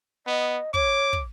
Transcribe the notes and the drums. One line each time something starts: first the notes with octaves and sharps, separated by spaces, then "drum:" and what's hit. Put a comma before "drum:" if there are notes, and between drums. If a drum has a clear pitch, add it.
B3 D#5
C#5 D6, drum: kick
drum: kick